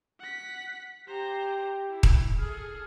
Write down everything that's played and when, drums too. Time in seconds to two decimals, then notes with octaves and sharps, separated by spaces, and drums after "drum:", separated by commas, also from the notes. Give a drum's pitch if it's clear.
0.20 F#5 B6
1.07 G4 C5 A#5
1.90 E4
2.03 drum: kick D#1
2.39 G#4 A4 F6